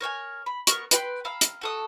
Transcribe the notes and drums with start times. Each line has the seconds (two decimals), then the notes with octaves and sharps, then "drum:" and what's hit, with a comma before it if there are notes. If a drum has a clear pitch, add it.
0.01 A#4 C#5 G5 G#5
0.46 B5
0.67 B3 A#4 C#6, drum: hi-hat
0.91 B4 G5 C6, drum: hi-hat
1.25 F5 A#5 B5 E6
1.41 drum: hi-hat
1.61 F#4 A4 D#6